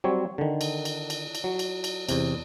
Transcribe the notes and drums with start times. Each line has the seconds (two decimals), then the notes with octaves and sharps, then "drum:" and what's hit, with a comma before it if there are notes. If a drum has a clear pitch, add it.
0.04 F#3 G3 C4 C#5
0.38 D3 D#3
0.61 drum: cymbal
0.85 drum: cymbal
1.10 drum: cymbal
1.35 drum: cymbal
1.44 F#3
1.59 drum: cymbal
1.84 drum: cymbal
2.09 E2 C3, drum: cymbal